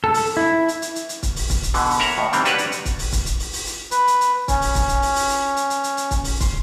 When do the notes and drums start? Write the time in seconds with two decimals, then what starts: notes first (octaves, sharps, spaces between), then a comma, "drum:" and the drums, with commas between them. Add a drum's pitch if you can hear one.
0.04 A4
0.14 drum: open hi-hat
0.37 E4
0.68 drum: hi-hat
0.82 drum: hi-hat
0.96 drum: hi-hat
1.09 drum: hi-hat
1.23 drum: kick, hi-hat
1.36 drum: open hi-hat
1.50 drum: kick, hi-hat
1.63 drum: hi-hat
1.74 B2 D3 E3, drum: open hi-hat
1.90 drum: open hi-hat
2.00 A#4 C#5 E5 F#5 A#5
2.18 D#2 A2
2.33 C3 D#3 E3 G3 C4, drum: hi-hat
2.45 D4 F#4 G4 B4 C#5 D5, drum: hi-hat
2.58 drum: hi-hat
2.72 drum: hi-hat
2.85 drum: kick, hi-hat
2.99 drum: open hi-hat
3.12 drum: kick, hi-hat
3.26 drum: hi-hat
3.40 drum: open hi-hat
3.53 drum: open hi-hat
3.67 drum: hi-hat
3.91 B4, drum: hi-hat
4.07 drum: hi-hat
4.21 drum: hi-hat
4.48 C#4, drum: kick, hi-hat
4.62 drum: open hi-hat
4.75 drum: kick, hi-hat
4.89 drum: hi-hat
5.02 drum: open hi-hat
5.16 drum: open hi-hat
5.29 drum: hi-hat
5.57 drum: hi-hat
5.70 drum: hi-hat
5.84 drum: hi-hat
5.97 drum: hi-hat
6.11 drum: kick, hi-hat
6.24 drum: open hi-hat
6.40 C6, drum: kick, hi-hat